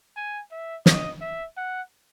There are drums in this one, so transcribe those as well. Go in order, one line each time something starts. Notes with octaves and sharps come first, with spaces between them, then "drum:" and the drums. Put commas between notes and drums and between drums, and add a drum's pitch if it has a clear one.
G#5
E5
D#5, drum: snare
E5
F#5